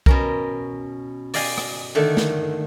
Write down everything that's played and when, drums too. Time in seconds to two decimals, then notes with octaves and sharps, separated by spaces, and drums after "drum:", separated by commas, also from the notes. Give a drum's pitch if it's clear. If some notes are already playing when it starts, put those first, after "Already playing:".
0.06 B2 C#4 A#4, drum: kick B1
1.34 D5 D#5 F5 G5 G#5, drum: open hi-hat
1.58 drum: rim click
1.95 D3 D#3 A3
2.17 drum: snare